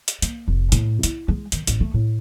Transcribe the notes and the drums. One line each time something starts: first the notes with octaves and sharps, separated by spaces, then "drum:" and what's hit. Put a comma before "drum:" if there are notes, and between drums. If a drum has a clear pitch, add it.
drum: hi-hat
A#3, drum: hi-hat
F1
A2, drum: hi-hat
E4, drum: hi-hat
G#3
D#3, drum: hi-hat
A1, drum: hi-hat
A3
A2